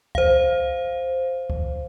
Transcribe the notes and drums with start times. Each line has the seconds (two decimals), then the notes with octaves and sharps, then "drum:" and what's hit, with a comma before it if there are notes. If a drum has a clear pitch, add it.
0.15 C5 F5, drum: kick C2
1.50 drum: kick C2